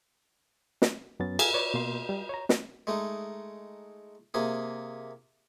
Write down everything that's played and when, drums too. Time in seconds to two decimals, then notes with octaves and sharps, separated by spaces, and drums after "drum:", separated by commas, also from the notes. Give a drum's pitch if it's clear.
0.82 drum: snare
1.20 F#2 F#3 B3 C#4 A6
1.39 G#4 A4 F5 G#5, drum: cymbal
1.53 B4 C#5 D5
1.74 B2 A#3 C6
2.09 G3
2.29 C#5 A#5
2.49 drum: snare
2.87 G#3 A3 D#4
4.34 C3 A#3 G#4